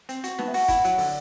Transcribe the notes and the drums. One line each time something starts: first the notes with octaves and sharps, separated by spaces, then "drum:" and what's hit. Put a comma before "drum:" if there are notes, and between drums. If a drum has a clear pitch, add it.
C4, drum: hi-hat
F#4, drum: hi-hat
B3 A5, drum: snare
E5
F#4 F#5, drum: open hi-hat
E4, drum: kick, hi-hat
F#3, drum: hi-hat
D3, drum: open hi-hat